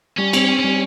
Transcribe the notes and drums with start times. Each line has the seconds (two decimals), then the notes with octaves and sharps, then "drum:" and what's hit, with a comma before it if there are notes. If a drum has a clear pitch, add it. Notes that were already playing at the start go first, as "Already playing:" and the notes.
0.18 G3 C#4
0.33 C4 C#4, drum: cymbal
0.49 C4
0.59 G3 C#4